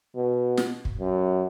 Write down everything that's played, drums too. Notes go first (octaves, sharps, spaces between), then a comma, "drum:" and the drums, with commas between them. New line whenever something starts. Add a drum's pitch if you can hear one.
B2
drum: snare
drum: kick
F#2